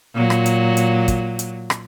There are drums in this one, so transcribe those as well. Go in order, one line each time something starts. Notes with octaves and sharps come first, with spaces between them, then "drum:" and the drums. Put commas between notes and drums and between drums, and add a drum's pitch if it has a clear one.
A#2 F#3
drum: rim click
drum: hi-hat
drum: hi-hat
drum: kick, hi-hat
drum: hi-hat
drum: rim click